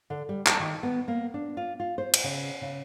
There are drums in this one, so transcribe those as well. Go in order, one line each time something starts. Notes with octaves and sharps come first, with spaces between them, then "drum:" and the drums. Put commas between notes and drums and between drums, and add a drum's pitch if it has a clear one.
D3
G3
D#5, drum: clap
D#3
B3
A#3
D4
F4
F4
C5
drum: cymbal
C#3
C#3